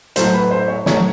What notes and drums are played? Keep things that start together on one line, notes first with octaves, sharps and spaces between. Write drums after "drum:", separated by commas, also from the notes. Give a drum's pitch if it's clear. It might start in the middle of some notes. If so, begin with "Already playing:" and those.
A2 F#3 A3 C5, drum: hi-hat
B4
C5
C#5
A2 F#3 A3 C#5, drum: snare